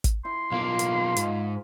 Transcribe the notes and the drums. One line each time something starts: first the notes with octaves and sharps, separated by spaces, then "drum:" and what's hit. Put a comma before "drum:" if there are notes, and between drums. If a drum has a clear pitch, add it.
drum: kick, hi-hat
E4 C6
B1 A#3 F4
drum: hi-hat
G#2, drum: hi-hat